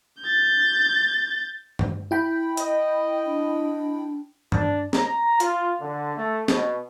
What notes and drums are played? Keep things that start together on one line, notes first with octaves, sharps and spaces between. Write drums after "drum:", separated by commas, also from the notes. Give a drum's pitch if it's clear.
G6 A6
drum: tom G2
E4 G5 B5
D#5, drum: hi-hat
D4
D4, drum: tom G2
A#5, drum: snare
F4, drum: hi-hat
D3
A3
B2, drum: snare